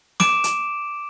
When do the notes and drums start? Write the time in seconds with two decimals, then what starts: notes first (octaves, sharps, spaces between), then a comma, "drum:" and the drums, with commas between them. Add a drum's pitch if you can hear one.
0.20 D6 D7 E7, drum: snare
0.44 drum: hi-hat